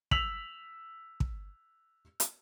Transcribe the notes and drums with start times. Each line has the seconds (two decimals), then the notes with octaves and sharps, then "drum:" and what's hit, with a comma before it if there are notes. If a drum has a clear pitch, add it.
0.11 E6 B6 F7 F#7, drum: kick
1.20 drum: kick
2.20 drum: hi-hat